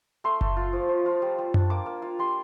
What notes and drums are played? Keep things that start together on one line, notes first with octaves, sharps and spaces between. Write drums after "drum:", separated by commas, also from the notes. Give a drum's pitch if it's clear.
A3 C6
A3, drum: kick F#1
F4
F3
F3
F4
G3
G3
D4, drum: tom F#2
A#3 D6
A#3
F4
G3 C6